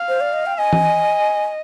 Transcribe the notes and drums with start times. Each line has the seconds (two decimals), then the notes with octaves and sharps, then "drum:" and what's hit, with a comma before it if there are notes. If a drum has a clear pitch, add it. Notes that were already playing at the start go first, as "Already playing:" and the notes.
Already playing: F5
0.08 C5
0.21 D5
0.33 D#5
0.46 G5
0.58 D#5 G#5
0.73 drum: tom E3